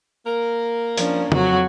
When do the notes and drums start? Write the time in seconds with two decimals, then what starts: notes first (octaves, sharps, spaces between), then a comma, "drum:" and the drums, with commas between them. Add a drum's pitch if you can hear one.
0.25 A#3 A#4
0.97 F3 C#4 D4, drum: hi-hat
1.32 F2 F#3 F#4, drum: tom